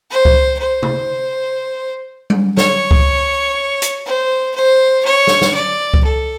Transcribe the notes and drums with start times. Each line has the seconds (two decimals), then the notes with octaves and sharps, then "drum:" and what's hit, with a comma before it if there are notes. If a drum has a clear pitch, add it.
0.11 C5
0.25 drum: kick C#2
0.59 C5
0.83 drum: tom C3
2.30 drum: tom G3
2.57 C#5, drum: snare
2.91 drum: kick C#2
3.82 drum: hi-hat
4.06 C5
4.55 C5
5.05 C#5
5.27 drum: snare
5.42 drum: snare
5.54 D5
5.94 drum: kick C#2
6.04 A4